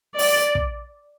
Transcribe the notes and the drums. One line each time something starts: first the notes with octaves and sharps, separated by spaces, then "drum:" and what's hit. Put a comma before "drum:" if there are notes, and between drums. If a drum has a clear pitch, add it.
D5, drum: open hi-hat
drum: kick